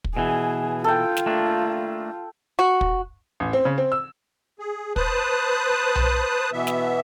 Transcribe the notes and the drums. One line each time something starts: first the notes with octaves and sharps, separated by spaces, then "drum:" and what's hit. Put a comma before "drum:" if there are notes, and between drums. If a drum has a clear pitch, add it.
drum: kick
B2 E3 G#4
F4 A4 G5
drum: snare
A3 A#3 D4
F#4
drum: kick
A1
C4
C#3
C4
E6
G#4
B4 C5 A5 D#6 F#6, drum: kick
drum: tom B1
B2 E3 B3 E5
drum: snare